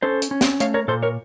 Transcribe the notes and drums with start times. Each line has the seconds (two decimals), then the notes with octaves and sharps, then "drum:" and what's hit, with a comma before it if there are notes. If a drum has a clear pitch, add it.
0.02 C#4 A4 C5
0.22 drum: hi-hat
0.31 C#4
0.41 drum: snare
0.60 A3 C#5 F5, drum: hi-hat
0.74 A#4 C#5
0.88 A#2 A4 C5
1.03 A#4 C#5